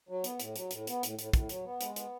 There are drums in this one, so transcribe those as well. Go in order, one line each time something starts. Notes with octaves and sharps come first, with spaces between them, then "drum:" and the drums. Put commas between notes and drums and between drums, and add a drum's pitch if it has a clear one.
F#3
B3, drum: hi-hat
A2, drum: hi-hat
F#3, drum: hi-hat
A2, drum: hi-hat
B3, drum: hi-hat
A2, drum: hi-hat
A2, drum: hi-hat
A2, drum: kick, hi-hat
F#3, drum: hi-hat
B3
G#3, drum: hi-hat
B3, drum: hi-hat